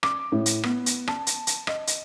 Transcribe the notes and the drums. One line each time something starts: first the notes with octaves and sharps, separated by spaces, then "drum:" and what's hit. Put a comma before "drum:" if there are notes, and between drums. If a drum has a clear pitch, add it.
D6, drum: rim click
A2
drum: hi-hat
B3, drum: rim click
drum: hi-hat
A5, drum: rim click
drum: hi-hat
drum: hi-hat
D#5, drum: rim click
drum: hi-hat